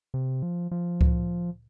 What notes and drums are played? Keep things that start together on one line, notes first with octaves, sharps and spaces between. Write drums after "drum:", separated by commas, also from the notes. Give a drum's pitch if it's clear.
C3
F3
F3
drum: kick C#2